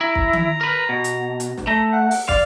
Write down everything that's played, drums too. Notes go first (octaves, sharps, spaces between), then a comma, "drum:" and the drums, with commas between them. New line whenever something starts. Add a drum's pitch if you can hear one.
E4 A#5
drum: kick
drum: tom D#3
A#4 B4
B2
drum: hi-hat
drum: hi-hat
drum: snare
A3 A#5
F#5
drum: open hi-hat
D5 F5, drum: kick